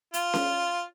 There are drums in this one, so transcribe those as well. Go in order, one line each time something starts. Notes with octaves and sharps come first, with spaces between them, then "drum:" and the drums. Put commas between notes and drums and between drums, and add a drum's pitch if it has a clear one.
F4, drum: hi-hat
drum: snare C#4